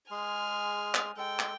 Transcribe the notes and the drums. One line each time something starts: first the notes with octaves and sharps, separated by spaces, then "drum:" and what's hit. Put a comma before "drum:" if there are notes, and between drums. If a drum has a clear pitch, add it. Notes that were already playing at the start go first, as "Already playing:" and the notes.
G#3 G#4 G#5 C6 F6
drum: clap
G#3 A4 G5
drum: clap